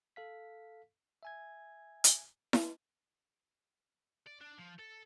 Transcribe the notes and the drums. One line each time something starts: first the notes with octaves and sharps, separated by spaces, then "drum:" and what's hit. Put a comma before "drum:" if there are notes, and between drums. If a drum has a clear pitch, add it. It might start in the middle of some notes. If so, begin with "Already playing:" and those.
A4 F5 B6
E5 G#5 G#6
drum: hi-hat
drum: snare E4
D5
D4
F3
A4